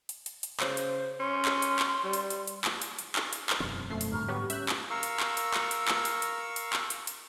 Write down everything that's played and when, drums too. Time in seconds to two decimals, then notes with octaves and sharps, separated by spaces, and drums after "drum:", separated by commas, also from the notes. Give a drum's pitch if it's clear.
0.09 drum: hi-hat
0.26 drum: hi-hat
0.43 drum: hi-hat
0.60 C#3 C5, drum: clap
0.77 drum: hi-hat
1.20 C#4 C6
1.45 drum: clap
1.62 drum: hi-hat
1.79 drum: clap
2.04 G3
2.13 drum: hi-hat
2.30 drum: hi-hat
2.47 drum: hi-hat
2.64 drum: clap
2.82 drum: hi-hat
2.99 drum: hi-hat
3.16 drum: clap
3.33 drum: hi-hat
3.50 drum: clap
3.60 E1 F#2 C4
3.90 F2 A3 C7
4.01 drum: hi-hat
4.12 G#2 D3 G3 A#5 C#6 F6
4.28 F#3 B3 G4 C#6
4.50 C#4 E5 F#6 G6, drum: hi-hat
4.69 drum: clap
4.90 A#4 F5 C#6 E6
5.03 drum: hi-hat
5.20 drum: clap
5.37 drum: hi-hat
5.54 drum: clap
5.71 drum: hi-hat
5.88 drum: clap
6.05 drum: hi-hat
6.22 drum: hi-hat
6.56 drum: hi-hat
6.73 drum: clap
6.90 drum: hi-hat
7.07 drum: hi-hat